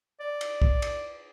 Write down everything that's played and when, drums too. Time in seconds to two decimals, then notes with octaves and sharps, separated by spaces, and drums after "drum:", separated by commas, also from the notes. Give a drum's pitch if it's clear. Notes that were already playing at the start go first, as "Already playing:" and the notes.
0.20 D5
0.41 drum: cymbal
0.62 drum: kick
0.82 drum: cymbal